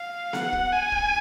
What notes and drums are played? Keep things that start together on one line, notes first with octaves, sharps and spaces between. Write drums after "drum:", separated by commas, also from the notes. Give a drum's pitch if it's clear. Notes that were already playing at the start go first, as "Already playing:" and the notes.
Already playing: F5
F#5, drum: snare B3
drum: kick
G#5
drum: kick